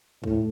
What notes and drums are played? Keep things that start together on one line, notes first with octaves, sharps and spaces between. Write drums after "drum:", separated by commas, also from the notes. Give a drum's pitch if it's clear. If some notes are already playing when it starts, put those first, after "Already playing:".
A2, drum: kick